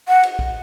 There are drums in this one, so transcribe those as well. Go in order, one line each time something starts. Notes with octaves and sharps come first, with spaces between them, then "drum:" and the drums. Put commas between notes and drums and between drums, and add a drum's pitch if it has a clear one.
F#5
drum: cymbal
drum: kick B1